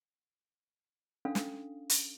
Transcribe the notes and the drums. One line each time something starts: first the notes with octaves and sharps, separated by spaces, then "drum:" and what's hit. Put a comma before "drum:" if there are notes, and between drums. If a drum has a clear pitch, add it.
C#4 D4 A4 F5
drum: snare
drum: hi-hat